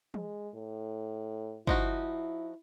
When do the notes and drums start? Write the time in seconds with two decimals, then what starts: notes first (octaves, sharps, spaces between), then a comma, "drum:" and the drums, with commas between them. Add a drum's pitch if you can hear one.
0.14 G#3, drum: tom E3
0.55 A2
1.67 F3 D#4 E4 F#4, drum: kick